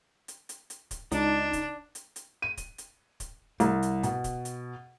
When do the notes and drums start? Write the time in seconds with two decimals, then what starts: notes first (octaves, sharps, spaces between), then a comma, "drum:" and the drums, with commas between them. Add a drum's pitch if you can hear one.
0.28 drum: hi-hat
0.49 drum: hi-hat
0.70 drum: hi-hat
0.91 drum: kick, hi-hat
1.12 C#2 D4 D#4, drum: hi-hat
1.53 drum: kick, hi-hat
1.95 drum: hi-hat
2.16 drum: hi-hat
2.42 D#7
2.57 drum: kick, hi-hat
2.78 drum: hi-hat
3.20 drum: kick, hi-hat
3.60 C2, drum: hi-hat
3.82 drum: hi-hat
4.03 B2, drum: hi-hat
4.24 drum: kick, hi-hat
4.45 drum: hi-hat